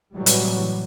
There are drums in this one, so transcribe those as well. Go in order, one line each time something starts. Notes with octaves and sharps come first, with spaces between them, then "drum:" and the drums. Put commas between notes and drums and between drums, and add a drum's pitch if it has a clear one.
A2 C3 E3 F#3 G3
drum: hi-hat